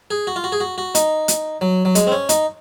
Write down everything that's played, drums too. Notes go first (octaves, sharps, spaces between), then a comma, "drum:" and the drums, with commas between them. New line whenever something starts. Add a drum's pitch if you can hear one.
G#4
F#4
F4
F#4
G#4
F#4
F#4
D#4, drum: hi-hat
drum: hi-hat
F#3
F#3
G#3, drum: hi-hat
C4
C#4
D#4, drum: hi-hat